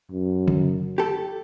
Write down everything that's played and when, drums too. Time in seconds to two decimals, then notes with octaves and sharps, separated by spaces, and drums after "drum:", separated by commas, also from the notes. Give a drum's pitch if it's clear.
0.11 F#2
0.48 drum: tom C#3
0.98 G4 A4